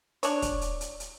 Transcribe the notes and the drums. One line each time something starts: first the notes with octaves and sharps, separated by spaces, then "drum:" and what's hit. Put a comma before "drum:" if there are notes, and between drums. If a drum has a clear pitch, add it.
D4 C#5, drum: hi-hat
drum: kick, hi-hat
drum: hi-hat
drum: hi-hat
drum: hi-hat